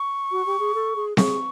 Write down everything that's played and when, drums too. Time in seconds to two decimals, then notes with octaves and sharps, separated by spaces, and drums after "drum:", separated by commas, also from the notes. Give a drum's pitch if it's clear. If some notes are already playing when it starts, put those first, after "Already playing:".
Already playing: C#6
0.32 F#4
0.46 G4
0.60 G#4
0.75 A4
0.96 G#4
1.17 G#4 C#6, drum: snare C4